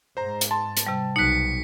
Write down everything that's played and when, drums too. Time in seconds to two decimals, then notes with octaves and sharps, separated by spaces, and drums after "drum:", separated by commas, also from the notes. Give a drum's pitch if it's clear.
0.17 G#2 C5 A#5
0.41 drum: hi-hat
0.51 A5 C6
0.77 drum: hi-hat
0.87 C3 G3
1.16 B1 D#4 F#6 B6 C#7